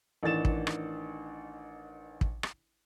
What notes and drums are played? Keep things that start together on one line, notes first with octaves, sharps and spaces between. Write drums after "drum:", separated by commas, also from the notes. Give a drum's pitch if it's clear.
A1 D#3 D4 A6 E7
drum: kick
drum: rim click
drum: kick
drum: rim click